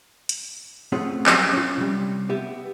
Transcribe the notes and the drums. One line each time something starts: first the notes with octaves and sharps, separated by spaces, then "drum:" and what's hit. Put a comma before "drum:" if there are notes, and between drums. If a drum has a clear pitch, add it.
drum: hi-hat
A3 C4 C#4 F4 G#4 F#5
F#3 G3 A3 C#4 F#4 D#5, drum: clap
C#4 F4
C3 G3
B3 G4 E5